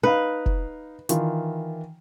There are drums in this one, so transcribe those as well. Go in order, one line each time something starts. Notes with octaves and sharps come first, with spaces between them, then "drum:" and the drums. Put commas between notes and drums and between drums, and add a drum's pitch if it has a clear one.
D#4 B4 F5
drum: kick F1
D#3 E3 F4, drum: hi-hat